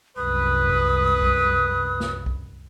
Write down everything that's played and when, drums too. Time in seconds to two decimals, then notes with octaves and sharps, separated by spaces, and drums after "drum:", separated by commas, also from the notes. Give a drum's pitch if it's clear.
0.17 C2 F#2 B4 D#6
0.70 drum: kick B1
1.22 drum: kick B1
2.00 drum: snare
2.26 drum: kick B1